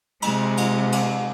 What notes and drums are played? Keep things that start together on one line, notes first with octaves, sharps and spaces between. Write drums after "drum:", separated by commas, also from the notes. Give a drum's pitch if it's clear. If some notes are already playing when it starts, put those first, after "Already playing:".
C3 G#3, drum: cymbal
drum: cymbal
drum: cymbal